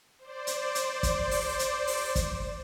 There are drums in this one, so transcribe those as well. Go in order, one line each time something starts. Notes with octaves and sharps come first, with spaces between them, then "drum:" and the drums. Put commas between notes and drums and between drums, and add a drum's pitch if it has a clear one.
C5 D5
drum: hi-hat
drum: hi-hat
drum: kick, hi-hat
drum: open hi-hat
drum: hi-hat
drum: open hi-hat
drum: kick, hi-hat